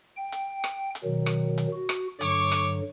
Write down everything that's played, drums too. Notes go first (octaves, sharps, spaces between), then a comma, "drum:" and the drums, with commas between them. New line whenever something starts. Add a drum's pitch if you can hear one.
G5
drum: hi-hat
drum: rim click
drum: hi-hat
B2 D#3 F#3
drum: rim click
drum: hi-hat
F#4
drum: rim click
G2 D3 F#3 C#5 C#6 D6, drum: hi-hat
drum: rim click